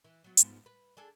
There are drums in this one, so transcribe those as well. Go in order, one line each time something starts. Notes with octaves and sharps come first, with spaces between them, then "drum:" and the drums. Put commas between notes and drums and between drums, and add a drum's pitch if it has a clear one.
E3
F#3 B3
G#2 F3 B3, drum: hi-hat
B4
D4 G#4 A4